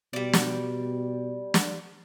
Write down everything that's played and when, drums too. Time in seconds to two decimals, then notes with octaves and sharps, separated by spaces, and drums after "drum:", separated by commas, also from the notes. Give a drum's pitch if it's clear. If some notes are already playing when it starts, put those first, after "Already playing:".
0.13 B2 G3 D5
0.33 drum: snare
1.54 drum: snare